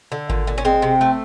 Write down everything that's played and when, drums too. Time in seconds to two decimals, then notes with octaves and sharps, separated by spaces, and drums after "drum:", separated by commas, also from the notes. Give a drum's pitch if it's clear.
0.12 D3
0.30 A#2, drum: kick G#1
0.47 A#2
0.58 C#4
0.65 G#3 C4
0.82 C3
1.01 A3